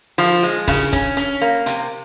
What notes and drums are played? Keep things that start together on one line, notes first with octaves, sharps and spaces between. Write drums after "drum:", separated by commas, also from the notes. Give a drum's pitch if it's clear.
F3, drum: open hi-hat
G#3
C#3, drum: kick, open hi-hat
C#4, drum: kick, hi-hat
C#4, drum: hi-hat
A#3
C3, drum: hi-hat